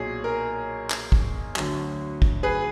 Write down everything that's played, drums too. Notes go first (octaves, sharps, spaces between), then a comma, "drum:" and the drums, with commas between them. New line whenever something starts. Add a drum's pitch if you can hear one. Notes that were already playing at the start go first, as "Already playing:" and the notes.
Already playing: B1 A#2 F#3 G#4
A#4
drum: clap
drum: kick
D2 D3 F#3, drum: clap
drum: kick
G#4 B4